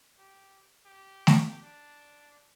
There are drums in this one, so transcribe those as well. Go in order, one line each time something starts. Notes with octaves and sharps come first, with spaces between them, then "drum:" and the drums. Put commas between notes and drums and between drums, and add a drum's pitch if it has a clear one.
G4
G4
drum: snare
D4